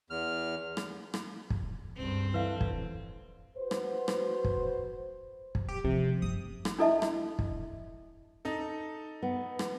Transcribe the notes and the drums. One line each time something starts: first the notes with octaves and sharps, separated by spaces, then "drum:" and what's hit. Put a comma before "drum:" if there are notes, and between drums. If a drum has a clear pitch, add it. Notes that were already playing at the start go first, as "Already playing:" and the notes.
E2 F6
drum: rim click
drum: rim click
drum: kick
C#2 G2 C4
D3 E3 B4 F5
drum: kick
F#4 B4 C5
drum: rim click
drum: rim click
drum: kick
drum: kick
G4
C3 F3
F#1 D#6
drum: rim click
D4 E4 A4 D#5 E5 A5
drum: rim click
drum: kick
D#4 A4
B3
drum: rim click